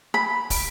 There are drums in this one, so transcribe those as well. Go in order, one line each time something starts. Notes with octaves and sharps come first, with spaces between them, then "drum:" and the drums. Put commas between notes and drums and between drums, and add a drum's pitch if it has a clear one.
B5
drum: kick, open hi-hat